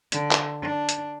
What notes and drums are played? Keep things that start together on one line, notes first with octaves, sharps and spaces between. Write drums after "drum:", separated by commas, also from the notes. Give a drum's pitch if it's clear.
D3, drum: hi-hat
drum: clap
D4
drum: hi-hat